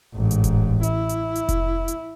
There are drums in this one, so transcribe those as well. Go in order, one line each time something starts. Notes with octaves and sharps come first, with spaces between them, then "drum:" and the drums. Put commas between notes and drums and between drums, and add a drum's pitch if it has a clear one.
A1 G#2
drum: hi-hat
drum: kick F1, hi-hat
E4, drum: hi-hat
drum: hi-hat
drum: hi-hat
drum: kick F1, hi-hat
drum: hi-hat